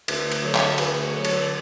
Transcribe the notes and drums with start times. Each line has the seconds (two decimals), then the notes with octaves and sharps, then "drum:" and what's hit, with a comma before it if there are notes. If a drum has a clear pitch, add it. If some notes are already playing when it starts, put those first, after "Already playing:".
0.08 D2, drum: cymbal
0.32 drum: cymbal
0.43 D3 F#3
0.55 drum: clap
0.68 A4
0.78 D2 G#4 B4, drum: cymbal
1.02 F#4
1.13 D3 F#3
1.25 A4 C#5, drum: cymbal
1.42 D5